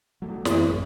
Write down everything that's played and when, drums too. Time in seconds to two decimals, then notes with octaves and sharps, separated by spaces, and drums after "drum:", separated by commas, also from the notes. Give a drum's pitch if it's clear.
0.22 F#3 A3
0.45 F#2 E3 C4, drum: snare
0.70 A1 F#2